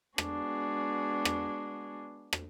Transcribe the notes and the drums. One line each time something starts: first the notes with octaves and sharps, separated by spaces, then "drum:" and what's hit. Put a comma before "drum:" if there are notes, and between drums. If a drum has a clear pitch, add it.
G#3 B3 D4 F#4 G#4, drum: rim click
drum: rim click
drum: rim click